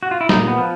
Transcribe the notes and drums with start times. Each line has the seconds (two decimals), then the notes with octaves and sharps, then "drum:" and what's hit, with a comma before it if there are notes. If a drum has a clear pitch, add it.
0.03 F#4
0.11 F4
0.21 E4
0.29 A#2 D#4, drum: snare
0.48 B3
0.58 F3